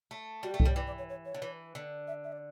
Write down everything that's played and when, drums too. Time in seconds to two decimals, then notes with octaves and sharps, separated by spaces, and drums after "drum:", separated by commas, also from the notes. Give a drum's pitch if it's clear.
0.11 A3
0.43 G3 F#4
0.51 G4
0.54 A3
0.60 A4, drum: kick C2
0.65 G3 C#5
0.76 E3 D5
0.87 D5
0.98 C#5
1.09 C#5
1.25 C#5
1.34 D3
1.42 E3
1.75 D3
2.07 E5
2.24 E5
2.32 D5